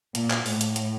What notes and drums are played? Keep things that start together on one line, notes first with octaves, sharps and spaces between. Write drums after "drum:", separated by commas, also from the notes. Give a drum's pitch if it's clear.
A#2, drum: hi-hat
drum: clap
A2, drum: open hi-hat
drum: hi-hat
drum: hi-hat